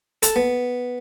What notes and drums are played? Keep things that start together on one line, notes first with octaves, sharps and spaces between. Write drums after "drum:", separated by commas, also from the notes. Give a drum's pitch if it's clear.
A4, drum: hi-hat
B3